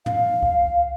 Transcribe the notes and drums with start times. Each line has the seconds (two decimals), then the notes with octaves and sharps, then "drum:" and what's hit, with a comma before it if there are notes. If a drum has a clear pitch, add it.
0.06 F5, drum: tom
0.43 drum: kick C2